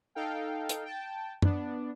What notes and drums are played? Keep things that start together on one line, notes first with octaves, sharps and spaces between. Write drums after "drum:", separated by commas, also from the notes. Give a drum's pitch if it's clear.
D#4 A4 F5 G5
drum: hi-hat
G5 A5
B3 D4, drum: tom F#2